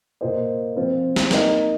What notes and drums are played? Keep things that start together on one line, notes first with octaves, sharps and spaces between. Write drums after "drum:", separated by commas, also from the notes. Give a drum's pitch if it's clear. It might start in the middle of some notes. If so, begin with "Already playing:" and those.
A#2 A#3 F4 C5 D#5
F3 C4 F4 C5
drum: snare
A#3 D#4 A#4 D#5, drum: snare